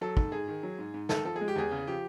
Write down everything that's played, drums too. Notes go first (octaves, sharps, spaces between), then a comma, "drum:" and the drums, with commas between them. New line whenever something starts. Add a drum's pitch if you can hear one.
F#3 A4
G#2, drum: kick
G#2 G#4
D#3
F#3
G#2
G#2
D#3 A4, drum: snare
F3 A4
G#4
G#3
G4
E2 G#4
C#3
F3 G4